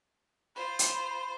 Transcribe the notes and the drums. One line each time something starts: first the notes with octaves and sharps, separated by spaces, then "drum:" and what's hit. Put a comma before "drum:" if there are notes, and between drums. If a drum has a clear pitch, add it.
F4 C5 B5
drum: hi-hat